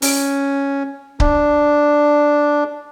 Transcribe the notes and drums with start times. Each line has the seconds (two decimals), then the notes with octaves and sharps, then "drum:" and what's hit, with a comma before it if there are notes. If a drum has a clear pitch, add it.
0.02 C#4, drum: open hi-hat
1.20 D4, drum: kick C#1